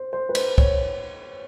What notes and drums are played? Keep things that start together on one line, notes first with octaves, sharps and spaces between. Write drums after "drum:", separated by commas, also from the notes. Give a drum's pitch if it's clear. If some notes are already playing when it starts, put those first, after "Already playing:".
Already playing: C5
C5
B4
C5, drum: cymbal
C#5, drum: kick